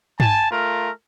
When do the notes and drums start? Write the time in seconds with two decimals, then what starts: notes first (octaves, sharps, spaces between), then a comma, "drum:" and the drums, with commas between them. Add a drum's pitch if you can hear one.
0.20 G#5 A5, drum: tom
0.51 A3 F4 A#4